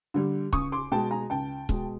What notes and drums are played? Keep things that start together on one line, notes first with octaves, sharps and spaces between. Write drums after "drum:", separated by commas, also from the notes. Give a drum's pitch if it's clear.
D3 G3
C#2 C#6 D#6, drum: kick C#1
C6 D6
B2 G#3 G5 A5
G#5 A#5
C#2 G5 A5
B2 G#3, drum: kick C#1